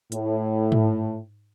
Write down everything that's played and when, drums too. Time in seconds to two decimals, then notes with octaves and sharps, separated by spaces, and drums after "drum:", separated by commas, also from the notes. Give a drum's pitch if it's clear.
0.12 A2, drum: hi-hat
0.72 drum: tom G#2